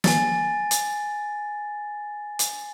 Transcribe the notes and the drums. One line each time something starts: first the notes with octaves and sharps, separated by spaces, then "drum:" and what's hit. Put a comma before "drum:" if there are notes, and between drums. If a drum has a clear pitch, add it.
G#5 A6, drum: snare
drum: hi-hat
drum: hi-hat